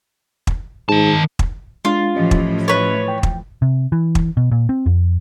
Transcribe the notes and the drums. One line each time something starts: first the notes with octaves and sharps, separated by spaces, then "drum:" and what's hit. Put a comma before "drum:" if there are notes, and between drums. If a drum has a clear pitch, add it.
drum: kick
G#2 D#3 A5
drum: kick
G#3 D4 F4 F5
A2 E3 F3 C#4 G4 D#5
drum: kick
B4 C#5
G5
drum: kick
C3
E3
drum: kick
B2
A#2
C4
F2